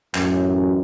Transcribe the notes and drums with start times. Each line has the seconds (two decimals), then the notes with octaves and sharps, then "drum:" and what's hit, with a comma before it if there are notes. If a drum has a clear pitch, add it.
0.15 A1 F#2, drum: clap